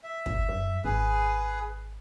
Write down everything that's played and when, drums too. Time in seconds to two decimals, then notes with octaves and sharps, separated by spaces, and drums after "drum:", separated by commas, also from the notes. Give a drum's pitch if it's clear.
0.03 E5
0.26 drum: kick
0.49 F#2
0.84 G#1 G#4 B4